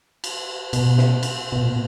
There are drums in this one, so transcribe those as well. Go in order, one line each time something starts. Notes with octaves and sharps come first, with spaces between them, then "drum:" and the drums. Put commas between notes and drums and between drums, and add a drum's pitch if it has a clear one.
drum: cymbal
B2, drum: cymbal
drum: snare
drum: cymbal
B2
A#2